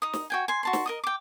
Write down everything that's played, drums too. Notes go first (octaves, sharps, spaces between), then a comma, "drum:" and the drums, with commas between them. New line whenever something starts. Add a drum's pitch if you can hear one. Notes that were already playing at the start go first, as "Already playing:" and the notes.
D#4 D#6
drum: snare
F#4 G5 G#5
G#5 C6
F#4 A5 C6
drum: snare
A#4 D#5 D#6
G5 D6